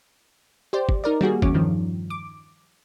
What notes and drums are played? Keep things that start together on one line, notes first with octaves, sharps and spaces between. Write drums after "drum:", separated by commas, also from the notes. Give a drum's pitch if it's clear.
G4 C5 D5
drum: kick
D#4 A#4 D5
G3 A#3 F#4 G#4, drum: tom
E2 C#4 C#5 D6, drum: kick
G2 D#3 F3
D6